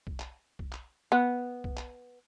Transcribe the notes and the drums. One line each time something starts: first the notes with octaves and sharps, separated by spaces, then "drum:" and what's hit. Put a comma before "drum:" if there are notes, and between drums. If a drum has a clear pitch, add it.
drum: kick B1
drum: clap
drum: kick B1
drum: clap
B3
drum: kick B1
drum: clap